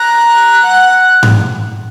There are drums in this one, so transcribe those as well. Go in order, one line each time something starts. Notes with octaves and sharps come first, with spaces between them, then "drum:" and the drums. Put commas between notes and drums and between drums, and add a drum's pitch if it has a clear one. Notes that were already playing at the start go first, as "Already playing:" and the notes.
Already playing: A#5 F#6
F#5
drum: tom G#2